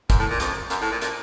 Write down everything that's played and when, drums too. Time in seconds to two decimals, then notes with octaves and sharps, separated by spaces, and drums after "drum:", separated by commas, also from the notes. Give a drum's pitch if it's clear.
0.10 F#2, drum: kick, hi-hat
0.19 A2
0.30 A#2
0.40 F2, drum: hi-hat
0.70 F#2, drum: hi-hat
0.81 A2
0.91 A#2
1.02 A#2, drum: hi-hat